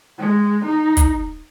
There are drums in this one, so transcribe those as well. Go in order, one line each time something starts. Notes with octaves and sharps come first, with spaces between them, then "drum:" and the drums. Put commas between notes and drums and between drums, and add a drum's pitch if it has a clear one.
G#3
D#4
drum: kick, hi-hat